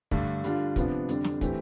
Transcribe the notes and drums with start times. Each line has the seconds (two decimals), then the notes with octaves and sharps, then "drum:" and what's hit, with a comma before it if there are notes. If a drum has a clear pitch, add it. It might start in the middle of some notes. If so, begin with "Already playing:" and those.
0.11 G2 D3 A3 D4, drum: kick
0.44 D3 G3 D4 F4, drum: hi-hat
0.76 C3 F3 B3 D4, drum: kick, hi-hat
1.09 F2 D3 G3 D4, drum: hi-hat
1.24 drum: snare
1.41 E3 A3 C4 G4, drum: kick, hi-hat